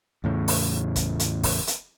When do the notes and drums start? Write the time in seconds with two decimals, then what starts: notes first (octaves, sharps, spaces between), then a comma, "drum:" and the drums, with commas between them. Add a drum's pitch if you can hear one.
0.24 E2 A2 C#3
0.48 drum: open hi-hat
0.96 drum: kick, hi-hat
1.20 drum: hi-hat
1.43 drum: kick, open hi-hat
1.67 drum: hi-hat